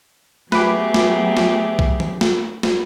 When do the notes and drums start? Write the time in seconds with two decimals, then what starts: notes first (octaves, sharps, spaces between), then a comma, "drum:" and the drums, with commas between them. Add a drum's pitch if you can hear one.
0.52 F#3 A3 B3 G4 G#4 B4 D6, drum: snare
0.94 drum: snare
1.37 drum: snare
1.79 drum: kick
2.00 drum: tom
2.21 drum: snare
2.63 drum: snare